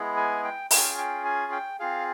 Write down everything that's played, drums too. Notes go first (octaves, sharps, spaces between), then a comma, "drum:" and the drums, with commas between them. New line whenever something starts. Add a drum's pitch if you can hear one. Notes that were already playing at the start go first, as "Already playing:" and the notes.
Already playing: G#3 B3 E4 G#4
G#5
G5
C#4 F4 G#4 G5, drum: open hi-hat
G5
G#5
G5
C4 F4 G#4 F5